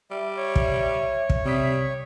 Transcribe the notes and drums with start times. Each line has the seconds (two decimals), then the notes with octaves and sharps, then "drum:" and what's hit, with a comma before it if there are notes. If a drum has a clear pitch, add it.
0.11 G3 E5
0.37 C#5
0.56 drum: kick
1.30 drum: kick
1.45 C3 G3 D#6 B6